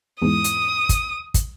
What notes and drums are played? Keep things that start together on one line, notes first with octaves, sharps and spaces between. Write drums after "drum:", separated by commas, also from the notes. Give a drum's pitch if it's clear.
E2 G#2 D#6
drum: hi-hat
drum: kick, hi-hat
drum: kick, hi-hat